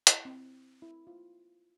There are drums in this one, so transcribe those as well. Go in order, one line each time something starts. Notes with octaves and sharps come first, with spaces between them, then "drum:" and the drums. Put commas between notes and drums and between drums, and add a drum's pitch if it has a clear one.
E4, drum: hi-hat
C4
E4
F4